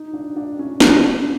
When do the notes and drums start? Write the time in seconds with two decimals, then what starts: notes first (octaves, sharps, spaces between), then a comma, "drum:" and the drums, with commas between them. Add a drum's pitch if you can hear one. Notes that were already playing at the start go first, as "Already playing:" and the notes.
Already playing: D#4
0.13 D4
0.36 D4
0.59 C#4
0.80 D4, drum: snare
1.03 D4